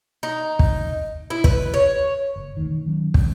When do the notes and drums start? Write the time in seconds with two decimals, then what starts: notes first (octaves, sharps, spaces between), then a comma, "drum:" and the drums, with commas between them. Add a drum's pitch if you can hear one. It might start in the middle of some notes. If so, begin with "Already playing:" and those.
0.23 D#4
0.59 drum: kick
1.30 E4
1.44 B4, drum: kick
1.74 C#5
2.36 F#1
2.57 E1 D2 D#3
2.71 D#3
2.86 D#3 F#3 C#4
3.14 D#1 F2 G#3, drum: kick